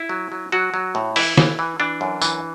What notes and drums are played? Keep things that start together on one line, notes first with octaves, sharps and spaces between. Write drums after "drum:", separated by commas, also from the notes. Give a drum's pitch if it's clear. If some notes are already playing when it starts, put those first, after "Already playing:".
Already playing: E4
F#3
F#3
F#3 F#4
F#3
A2
E3 E4, drum: open hi-hat
E3, drum: snare
E3
E3 D4
F#2
E3, drum: tambourine